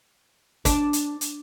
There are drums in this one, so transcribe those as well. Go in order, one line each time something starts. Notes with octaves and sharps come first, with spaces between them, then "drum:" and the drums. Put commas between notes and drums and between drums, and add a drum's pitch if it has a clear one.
D4, drum: kick, hi-hat
drum: hi-hat
drum: hi-hat